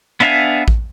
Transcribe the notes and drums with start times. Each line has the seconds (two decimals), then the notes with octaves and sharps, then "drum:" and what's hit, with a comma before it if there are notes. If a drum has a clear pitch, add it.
0.20 B3 D4 E5 F5 G#5
0.68 drum: kick A1